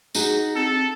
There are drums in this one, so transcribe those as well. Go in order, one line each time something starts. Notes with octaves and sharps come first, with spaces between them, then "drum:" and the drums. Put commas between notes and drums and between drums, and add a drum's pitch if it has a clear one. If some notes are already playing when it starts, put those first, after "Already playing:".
D#4 F#4 G#4 F#5, drum: tambourine
C4 A4